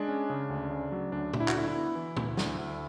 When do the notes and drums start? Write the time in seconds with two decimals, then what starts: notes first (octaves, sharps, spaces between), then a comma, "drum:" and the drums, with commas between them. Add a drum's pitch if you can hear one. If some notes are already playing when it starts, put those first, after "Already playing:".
Already playing: G#3 D4
0.08 C#4
0.30 C#3
0.50 D2
0.70 C#3
0.92 F#3
1.12 D2 D4
1.33 D2, drum: tom
1.40 E4
1.48 F#4, drum: clap
1.55 D3 E4
1.68 E4
1.75 B3
1.95 E3
2.17 D2, drum: tom
2.37 D2, drum: snare
2.58 D2